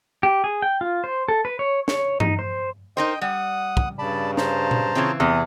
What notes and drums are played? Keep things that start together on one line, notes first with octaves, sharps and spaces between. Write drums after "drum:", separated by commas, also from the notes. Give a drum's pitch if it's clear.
G4
G#4
G5
F4
C5
A4
B4
C#5
C#5, drum: snare
D#4, drum: tom G2
C5
D#4 A#4 C5 D#5 G5
G3 F#5 D#6
drum: kick
G2 C#3 D5 A5 B5
C5 A5 A#5, drum: snare
drum: tom A#2
C#3 E3 C4 F4 G#4 C#5
E2 C3 G#4 D#6